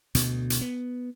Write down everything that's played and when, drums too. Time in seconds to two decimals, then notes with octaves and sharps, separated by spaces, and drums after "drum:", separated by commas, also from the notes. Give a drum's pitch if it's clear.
0.15 D2 B2, drum: hi-hat
0.50 drum: hi-hat
0.61 B3